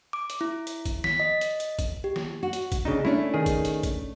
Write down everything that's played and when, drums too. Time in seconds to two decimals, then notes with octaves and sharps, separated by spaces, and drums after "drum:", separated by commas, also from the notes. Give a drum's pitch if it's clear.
0.13 D6
0.30 drum: hi-hat
0.41 E4
0.67 drum: hi-hat
0.85 drum: kick, hi-hat
1.04 B6, drum: snare
1.20 D#5
1.41 drum: hi-hat
1.60 drum: hi-hat
1.79 drum: kick, hi-hat
2.04 G4
2.16 drum: snare
2.43 F#4
2.53 drum: hi-hat
2.72 drum: kick, hi-hat
2.85 C#3 D4 D#4
3.05 A3 C#4 D4 E4
3.34 D#3 G#4
3.46 drum: kick, hi-hat
3.65 drum: hi-hat
3.83 drum: kick, hi-hat